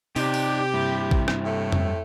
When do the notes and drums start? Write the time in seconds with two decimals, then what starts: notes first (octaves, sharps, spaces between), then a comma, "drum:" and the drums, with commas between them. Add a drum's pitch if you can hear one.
0.16 C3 D#4 G4 D5, drum: open hi-hat
0.34 drum: open hi-hat
0.74 G2 E4
1.11 drum: kick
1.28 drum: rim click
1.43 A2 A3 C4
1.72 drum: tom F2